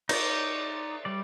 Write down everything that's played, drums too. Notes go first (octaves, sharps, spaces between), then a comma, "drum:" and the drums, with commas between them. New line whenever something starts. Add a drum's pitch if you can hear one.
D#4 D5, drum: cymbal
G3 D5